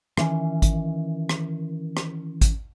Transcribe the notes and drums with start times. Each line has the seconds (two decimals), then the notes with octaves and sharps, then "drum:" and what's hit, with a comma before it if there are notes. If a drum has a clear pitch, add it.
0.17 D#3 E3 A#3 C#4, drum: rim click
0.62 drum: kick G#1, hi-hat
1.29 drum: rim click
1.97 drum: rim click
2.41 drum: kick G#1, hi-hat